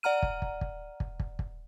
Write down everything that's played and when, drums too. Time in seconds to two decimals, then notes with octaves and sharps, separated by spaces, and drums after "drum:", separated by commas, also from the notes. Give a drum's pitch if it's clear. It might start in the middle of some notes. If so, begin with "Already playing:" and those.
0.03 D5 F#5 A#5 F6 D#7
0.23 drum: kick
0.42 drum: kick
0.61 drum: kick
1.00 drum: kick
1.20 drum: kick
1.39 drum: kick